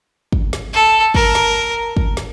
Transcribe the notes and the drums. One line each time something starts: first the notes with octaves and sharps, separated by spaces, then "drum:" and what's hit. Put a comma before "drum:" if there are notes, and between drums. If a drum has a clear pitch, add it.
drum: kick
drum: snare
A4
A#4, drum: kick
drum: snare
drum: kick
drum: snare